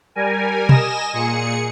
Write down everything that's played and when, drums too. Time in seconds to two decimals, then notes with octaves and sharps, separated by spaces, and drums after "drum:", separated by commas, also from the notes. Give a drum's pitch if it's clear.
0.15 G3 A#4 G#5
0.69 D#5 G#5 A#6 E7, drum: tom B2
1.13 A#2 G#4 C#7